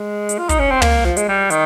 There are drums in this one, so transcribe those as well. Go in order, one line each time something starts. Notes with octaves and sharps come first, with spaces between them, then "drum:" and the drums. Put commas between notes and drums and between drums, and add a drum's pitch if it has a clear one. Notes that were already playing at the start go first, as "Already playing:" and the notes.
Already playing: G#3
drum: hi-hat
F4
D#4, drum: kick, hi-hat
C#4
C4
A#3, drum: tom
F3
G#3, drum: hi-hat
G3
D#3, drum: hi-hat